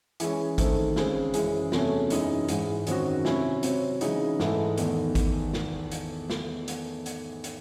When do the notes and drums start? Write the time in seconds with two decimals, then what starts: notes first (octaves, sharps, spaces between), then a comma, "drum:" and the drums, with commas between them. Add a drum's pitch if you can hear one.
0.20 E3 G#3 C#4, drum: hi-hat
0.58 D#3 A3 C4, drum: kick G#1, hi-hat
0.96 C#3 G#3 C4, drum: snare
1.34 F#2 E3 G#3, drum: hi-hat
1.72 E2 C3 F#3 A3 C#4, drum: snare
2.10 F#2 E3 G#3 D#4, drum: hi-hat
2.48 G#2 E3 G#3, drum: hi-hat
2.87 F#2 D#3 F#3 C4 F#4, drum: hi-hat
3.25 C3 F#3 C#4 E4, drum: snare
3.63 C3 F#3 C4, drum: hi-hat
4.01 C#3 E3 G#3 D#4, drum: hi-hat
4.39 G#2 E3 A3 D#4, drum: snare
4.78 E2 D#3 A3, drum: hi-hat
5.15 drum: kick G#1, hi-hat
5.53 drum: snare
5.92 drum: hi-hat
6.30 drum: snare
6.68 drum: hi-hat
7.06 drum: hi-hat
7.44 drum: hi-hat